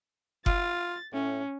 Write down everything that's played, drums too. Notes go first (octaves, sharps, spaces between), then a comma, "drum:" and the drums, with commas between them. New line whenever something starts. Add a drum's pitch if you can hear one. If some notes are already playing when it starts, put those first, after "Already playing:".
F4 A6, drum: kick F#1
A2 C#4